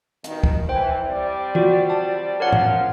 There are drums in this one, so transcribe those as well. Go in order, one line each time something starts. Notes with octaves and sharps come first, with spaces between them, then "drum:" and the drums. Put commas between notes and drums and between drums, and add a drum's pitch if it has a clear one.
G2 B2 D#3, drum: hi-hat
drum: kick
E3 C5 G5
G3 C4 D5
F4 F#4, drum: tom E3
A5
C#3 F3 A#4 C#5 F#5
drum: tom G#2